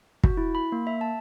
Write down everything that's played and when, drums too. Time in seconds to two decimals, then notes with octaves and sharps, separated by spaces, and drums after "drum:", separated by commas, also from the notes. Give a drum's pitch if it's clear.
0.24 F#4, drum: kick
0.37 E4
0.55 B5
0.72 A#3
0.87 E5
1.01 A5